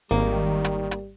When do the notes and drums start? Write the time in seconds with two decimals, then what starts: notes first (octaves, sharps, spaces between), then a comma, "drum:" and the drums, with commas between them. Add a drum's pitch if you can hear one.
0.11 G#1 D#3 G3 A#3
0.65 drum: hi-hat
0.91 drum: hi-hat